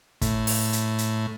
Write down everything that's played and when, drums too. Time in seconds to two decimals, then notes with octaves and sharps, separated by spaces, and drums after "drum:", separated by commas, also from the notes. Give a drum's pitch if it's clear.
0.21 A2, drum: kick, hi-hat
0.47 drum: open hi-hat
0.73 drum: hi-hat
0.98 drum: hi-hat